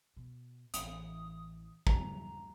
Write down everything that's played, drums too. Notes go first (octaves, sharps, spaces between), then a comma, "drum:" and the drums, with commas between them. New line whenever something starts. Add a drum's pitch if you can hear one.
B2
A1 E3 D#6, drum: hi-hat
G3 A#5, drum: kick